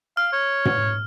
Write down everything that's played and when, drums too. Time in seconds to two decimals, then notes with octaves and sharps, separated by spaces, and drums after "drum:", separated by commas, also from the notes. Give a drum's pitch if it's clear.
0.17 F5 F6
0.33 C#5
0.65 drum: tom